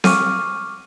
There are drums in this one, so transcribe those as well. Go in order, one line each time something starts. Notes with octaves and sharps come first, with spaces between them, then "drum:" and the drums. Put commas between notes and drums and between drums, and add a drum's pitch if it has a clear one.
C#6 D6 F6 D#7, drum: snare C4